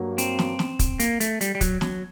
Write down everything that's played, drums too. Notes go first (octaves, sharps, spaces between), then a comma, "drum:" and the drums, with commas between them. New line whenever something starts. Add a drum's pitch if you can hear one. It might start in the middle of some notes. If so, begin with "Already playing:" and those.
Already playing: G2 F#3 A#3
C4, drum: hi-hat
drum: snare
drum: snare
drum: kick, hi-hat
A#3, drum: hi-hat
A3, drum: hi-hat
G3, drum: hi-hat
G3
F#3, drum: kick, hi-hat
F#3, drum: snare